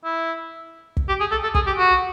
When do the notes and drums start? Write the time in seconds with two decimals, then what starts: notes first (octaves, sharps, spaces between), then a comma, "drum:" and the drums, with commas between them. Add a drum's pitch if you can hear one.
0.05 E4
0.97 drum: kick
1.09 G4
1.20 G#4
1.31 A4
1.43 A4
1.55 G#4, drum: kick
1.67 G4
1.78 F#4